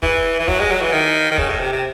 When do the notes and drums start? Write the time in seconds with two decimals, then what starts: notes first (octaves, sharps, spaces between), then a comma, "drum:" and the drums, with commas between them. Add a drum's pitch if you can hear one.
0.03 E3, drum: kick
0.40 E3
0.48 F#3, drum: kick
0.60 G#3
0.71 F#3
0.81 E3
0.93 D#3
1.31 D#3
1.38 C#3, drum: kick
1.50 A2
1.60 C3
1.72 C3